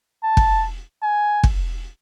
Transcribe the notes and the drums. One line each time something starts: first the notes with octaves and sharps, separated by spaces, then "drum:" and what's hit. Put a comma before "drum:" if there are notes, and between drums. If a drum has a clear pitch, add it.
A5
drum: kick
G#5
drum: kick